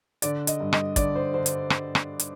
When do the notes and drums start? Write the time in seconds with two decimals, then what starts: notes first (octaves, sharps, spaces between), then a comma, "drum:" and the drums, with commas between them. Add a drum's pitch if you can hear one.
0.22 D3 D5, drum: hi-hat
0.47 D#5, drum: hi-hat
0.60 G2
0.73 D#5, drum: rim click
0.96 D3 D5, drum: kick, hi-hat
1.15 C5
1.34 D3 C5
1.46 drum: hi-hat
1.70 drum: rim click
1.95 drum: rim click
2.19 drum: hi-hat